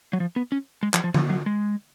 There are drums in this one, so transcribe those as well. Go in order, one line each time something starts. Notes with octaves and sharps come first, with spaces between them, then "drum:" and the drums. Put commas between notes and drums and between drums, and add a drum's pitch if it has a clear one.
F#3
F3
B3
C#4
G#3
F3, drum: clap
F3
F3, drum: tom D3
F#3
G#3